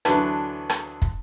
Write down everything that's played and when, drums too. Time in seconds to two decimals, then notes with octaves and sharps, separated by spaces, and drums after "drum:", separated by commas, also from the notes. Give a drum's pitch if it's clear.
0.05 D2 E3 F#3 D4 B4, drum: rim click
0.69 drum: rim click
1.02 drum: kick